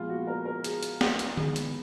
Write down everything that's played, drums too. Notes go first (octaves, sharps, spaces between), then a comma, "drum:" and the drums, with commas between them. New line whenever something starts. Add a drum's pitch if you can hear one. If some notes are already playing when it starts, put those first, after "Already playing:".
Already playing: A#2 F3 G#3 B3 F4
F#4
A#4
A#4
G#4, drum: hi-hat
drum: hi-hat
drum: snare
drum: hi-hat
D#3 G#3 B3 G#4, drum: tom D3
drum: hi-hat